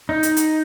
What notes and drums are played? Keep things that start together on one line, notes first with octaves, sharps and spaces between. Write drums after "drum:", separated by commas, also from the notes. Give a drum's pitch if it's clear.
D#4
drum: hi-hat
drum: hi-hat